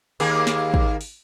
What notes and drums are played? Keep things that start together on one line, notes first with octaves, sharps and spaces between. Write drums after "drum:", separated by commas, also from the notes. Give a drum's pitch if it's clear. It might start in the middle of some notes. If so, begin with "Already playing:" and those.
D#2 A#3 G#4, drum: open hi-hat
drum: snare
drum: kick
drum: open hi-hat